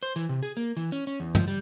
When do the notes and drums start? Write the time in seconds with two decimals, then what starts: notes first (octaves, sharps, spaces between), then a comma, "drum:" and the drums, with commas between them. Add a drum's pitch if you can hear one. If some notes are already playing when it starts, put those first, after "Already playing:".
0.03 C5
0.16 E3
0.29 C3
0.43 G#4
0.57 A#3
0.77 E3
0.92 C#4
1.07 C#4
1.20 E2
1.35 F3, drum: tom
1.48 G3